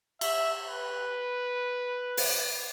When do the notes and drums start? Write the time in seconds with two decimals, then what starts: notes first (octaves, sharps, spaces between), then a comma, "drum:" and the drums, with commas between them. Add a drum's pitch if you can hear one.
0.21 E5, drum: cymbal
0.68 B4
2.17 drum: open hi-hat